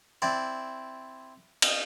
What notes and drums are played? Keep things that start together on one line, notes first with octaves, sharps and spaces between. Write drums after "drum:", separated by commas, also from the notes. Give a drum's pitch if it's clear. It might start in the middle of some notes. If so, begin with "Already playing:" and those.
C4 E4 D5
drum: cymbal